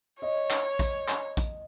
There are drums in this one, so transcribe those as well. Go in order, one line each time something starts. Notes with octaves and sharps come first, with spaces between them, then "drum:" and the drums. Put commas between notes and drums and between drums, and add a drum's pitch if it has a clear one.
C#5 D#5
drum: clap
drum: kick A#1, hi-hat
drum: clap
drum: kick A#1, hi-hat